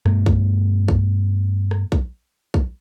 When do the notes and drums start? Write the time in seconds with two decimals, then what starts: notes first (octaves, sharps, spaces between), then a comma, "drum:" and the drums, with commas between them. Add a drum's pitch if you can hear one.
0.06 G2 B2 A3, drum: rim click
0.26 drum: kick B1
0.88 drum: kick B1
1.71 drum: rim click
1.92 drum: kick B1
2.54 drum: kick B1